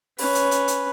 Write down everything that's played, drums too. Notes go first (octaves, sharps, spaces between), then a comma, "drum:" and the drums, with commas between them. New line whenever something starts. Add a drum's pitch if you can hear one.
C#4 B4, drum: open hi-hat
drum: hi-hat
drum: hi-hat
drum: hi-hat